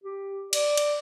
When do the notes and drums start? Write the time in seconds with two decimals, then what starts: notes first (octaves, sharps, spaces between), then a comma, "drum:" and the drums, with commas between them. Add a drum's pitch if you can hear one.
0.04 G4
0.53 D5, drum: cymbal
0.77 drum: cymbal